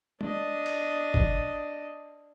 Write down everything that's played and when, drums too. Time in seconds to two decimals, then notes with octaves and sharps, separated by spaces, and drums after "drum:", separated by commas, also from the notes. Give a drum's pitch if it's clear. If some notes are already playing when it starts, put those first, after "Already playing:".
0.21 D4 D#5, drum: tom G#3
0.66 drum: cymbal
1.14 drum: kick